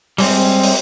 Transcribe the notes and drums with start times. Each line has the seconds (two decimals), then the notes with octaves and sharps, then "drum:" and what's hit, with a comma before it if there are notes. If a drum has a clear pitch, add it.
0.18 G3 G#3 C4, drum: open hi-hat
0.63 drum: open hi-hat